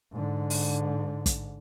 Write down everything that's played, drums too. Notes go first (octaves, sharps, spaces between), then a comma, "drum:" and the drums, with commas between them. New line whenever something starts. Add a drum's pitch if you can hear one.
G#2 D3
drum: open hi-hat
drum: kick, hi-hat